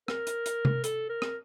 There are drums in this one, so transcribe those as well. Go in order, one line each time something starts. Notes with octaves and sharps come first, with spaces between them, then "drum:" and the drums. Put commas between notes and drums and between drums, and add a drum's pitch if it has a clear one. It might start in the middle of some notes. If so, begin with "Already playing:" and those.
A#4, drum: rim click
drum: hi-hat
drum: hi-hat
drum: tom C3
A4, drum: hi-hat
A#4
drum: rim click